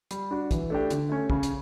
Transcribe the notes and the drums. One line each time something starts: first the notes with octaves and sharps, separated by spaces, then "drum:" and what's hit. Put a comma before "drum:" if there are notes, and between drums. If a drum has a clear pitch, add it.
G3, drum: hi-hat
D4 F#4
E3, drum: kick, hi-hat
A3 D4 G4
D3, drum: hi-hat
A3 C#4
C#3, drum: kick
drum: hi-hat